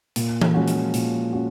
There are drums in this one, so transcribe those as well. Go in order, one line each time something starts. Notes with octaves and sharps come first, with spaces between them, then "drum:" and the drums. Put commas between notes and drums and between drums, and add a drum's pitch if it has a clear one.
A#2, drum: hi-hat
drum: tom E3
F3 G#3 C#4 F#4
drum: hi-hat
A#2, drum: hi-hat
C#4 F#4